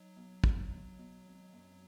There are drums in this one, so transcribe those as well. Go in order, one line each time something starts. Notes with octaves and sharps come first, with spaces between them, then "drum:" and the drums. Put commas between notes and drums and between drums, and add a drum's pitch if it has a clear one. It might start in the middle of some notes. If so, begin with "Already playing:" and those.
Already playing: F#3 D#4
B1
B1, drum: kick
B1
B2
G#1
F#2